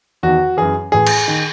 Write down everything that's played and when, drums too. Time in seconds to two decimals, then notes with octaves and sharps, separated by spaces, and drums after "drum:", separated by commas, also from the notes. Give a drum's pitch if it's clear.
0.23 E2 D#3 F#4
0.57 F#2 E3 G#4
0.92 A2 E3 G#4
1.07 drum: cymbal
1.28 D#3